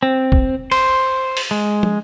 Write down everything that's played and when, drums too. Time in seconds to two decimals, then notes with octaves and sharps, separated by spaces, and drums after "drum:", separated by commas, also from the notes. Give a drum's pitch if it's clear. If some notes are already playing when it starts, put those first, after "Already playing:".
0.03 C4
0.32 drum: kick E1
0.71 C5, drum: cymbal
1.37 drum: open hi-hat
1.51 G#3
1.83 drum: tom